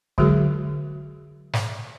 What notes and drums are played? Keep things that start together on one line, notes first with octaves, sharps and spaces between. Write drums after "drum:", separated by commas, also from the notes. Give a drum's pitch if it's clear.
D3 F#3 G#3 F#4 G#4 A#4, drum: kick
drum: snare